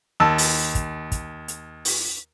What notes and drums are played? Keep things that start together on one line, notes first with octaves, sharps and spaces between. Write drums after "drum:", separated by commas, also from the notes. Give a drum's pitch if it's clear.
D#2 A5 E6
drum: open hi-hat
drum: kick, hi-hat
drum: kick, hi-hat
drum: hi-hat
drum: open hi-hat